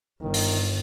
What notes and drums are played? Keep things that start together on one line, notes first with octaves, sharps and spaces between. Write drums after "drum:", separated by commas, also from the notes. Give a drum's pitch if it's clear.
G1 D#3
drum: open hi-hat